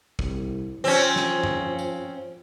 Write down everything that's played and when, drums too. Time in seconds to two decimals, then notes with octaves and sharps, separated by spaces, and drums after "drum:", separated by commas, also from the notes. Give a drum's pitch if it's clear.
0.19 C2, drum: kick
0.84 F3 C4 C#4
1.16 drum: snare
1.43 drum: tom F#2
1.79 drum: tambourine